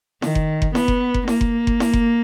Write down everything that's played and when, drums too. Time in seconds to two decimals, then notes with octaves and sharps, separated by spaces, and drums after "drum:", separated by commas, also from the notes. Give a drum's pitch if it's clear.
0.22 D#3, drum: snare E4
0.35 drum: kick F#1
0.62 drum: kick F#1
0.75 B3, drum: snare E4
0.88 drum: kick F#1
1.14 drum: kick F#1
1.28 A#3, drum: snare E4
1.41 drum: kick F#1
1.67 drum: kick F#1
1.80 drum: snare E4
1.93 drum: kick F#1